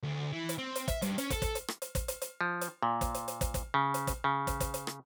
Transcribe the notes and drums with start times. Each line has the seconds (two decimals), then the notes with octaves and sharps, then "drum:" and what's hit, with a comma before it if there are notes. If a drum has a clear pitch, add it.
0.03 D2
0.32 E3
0.49 drum: hi-hat
0.58 C4
0.75 drum: hi-hat
0.88 E5, drum: kick, hi-hat
1.02 G2, drum: hi-hat
1.18 C#4, drum: hi-hat
1.30 A4, drum: kick, hi-hat
1.42 drum: kick, hi-hat
1.55 drum: hi-hat
1.68 drum: rim click
1.82 drum: hi-hat
1.95 drum: kick, hi-hat
2.08 drum: hi-hat
2.22 drum: hi-hat
2.41 F3
2.61 drum: hi-hat
2.83 A#2
3.01 drum: kick, hi-hat
3.14 drum: hi-hat
3.28 drum: hi-hat
3.41 drum: kick, hi-hat
3.54 drum: kick, hi-hat
3.74 C#3
3.94 drum: hi-hat
4.07 drum: kick, hi-hat
4.24 C#3
4.47 drum: kick, hi-hat
4.60 drum: kick, hi-hat
4.74 drum: hi-hat
4.87 drum: rim click